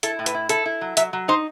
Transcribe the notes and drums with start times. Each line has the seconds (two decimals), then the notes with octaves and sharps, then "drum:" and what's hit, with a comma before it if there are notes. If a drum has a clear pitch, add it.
0.03 E4 A4, drum: hi-hat
0.19 A2
0.26 B4, drum: hi-hat
0.35 E4
0.49 E4 A4, drum: hi-hat
0.66 E4
0.81 F#3
0.97 F#3 E5, drum: hi-hat
1.13 F#3
1.28 D#4 C5